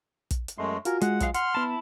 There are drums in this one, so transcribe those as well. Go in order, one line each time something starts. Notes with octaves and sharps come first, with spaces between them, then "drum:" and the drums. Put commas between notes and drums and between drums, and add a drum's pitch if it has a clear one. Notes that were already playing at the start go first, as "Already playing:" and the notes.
drum: kick, hi-hat
drum: hi-hat
F#2 G#3 A3 C6
F4 F#4 A#4 G#5, drum: hi-hat
G#3 F#5, drum: hi-hat
F#3 G#3 F5, drum: kick, hi-hat
F#5 C6 F6, drum: hi-hat
B3 E4 A5 B5